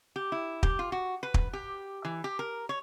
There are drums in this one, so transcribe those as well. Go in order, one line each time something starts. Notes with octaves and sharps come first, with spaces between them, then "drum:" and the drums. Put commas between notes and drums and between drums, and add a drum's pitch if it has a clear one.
G4
E4
G4, drum: kick
F4
F#4
B4
drum: kick
G4
E3
G4
A#4
C#5